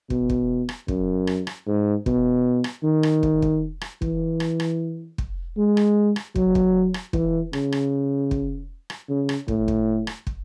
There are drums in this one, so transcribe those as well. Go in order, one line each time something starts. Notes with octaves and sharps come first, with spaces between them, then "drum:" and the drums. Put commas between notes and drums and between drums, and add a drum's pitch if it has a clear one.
B2, drum: kick
drum: kick
drum: rim click
F#2, drum: kick
drum: rim click
drum: rim click
G#2
B2, drum: kick
drum: rim click
D#3
drum: rim click
drum: kick
drum: kick
drum: rim click
E3, drum: kick
drum: rim click
drum: rim click
drum: kick
G#3
drum: rim click
drum: rim click
F#3, drum: kick
drum: kick
drum: rim click
E3, drum: kick
C#3, drum: rim click
drum: rim click
drum: kick
drum: rim click
C#3
drum: rim click
A2, drum: kick
drum: kick
drum: rim click
drum: kick